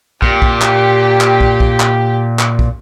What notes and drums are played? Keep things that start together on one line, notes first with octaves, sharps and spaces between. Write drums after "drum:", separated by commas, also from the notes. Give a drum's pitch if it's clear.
A#2 G4, drum: kick
drum: kick
drum: clap
drum: clap
drum: kick
drum: kick
drum: clap
drum: clap
drum: kick